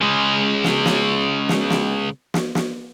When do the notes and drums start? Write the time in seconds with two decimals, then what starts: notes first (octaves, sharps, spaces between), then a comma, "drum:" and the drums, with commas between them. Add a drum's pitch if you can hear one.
0.01 C#3 G#3
0.64 drum: snare
0.86 drum: snare
1.49 drum: snare
1.70 drum: snare
2.34 drum: snare
2.55 drum: snare